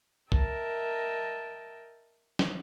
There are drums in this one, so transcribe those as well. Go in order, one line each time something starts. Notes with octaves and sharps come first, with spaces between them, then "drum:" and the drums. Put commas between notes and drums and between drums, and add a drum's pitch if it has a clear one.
A#4 D#5 E5 G5 A5, drum: kick B1
drum: snare